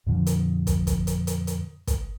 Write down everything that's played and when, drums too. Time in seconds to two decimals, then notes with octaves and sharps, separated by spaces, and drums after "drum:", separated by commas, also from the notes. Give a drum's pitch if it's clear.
0.06 F2 A#2 D3 F3
0.27 drum: hi-hat
0.67 drum: kick, hi-hat
0.87 drum: kick, hi-hat
1.07 drum: hi-hat
1.27 drum: hi-hat
1.47 drum: hi-hat
1.87 drum: kick, hi-hat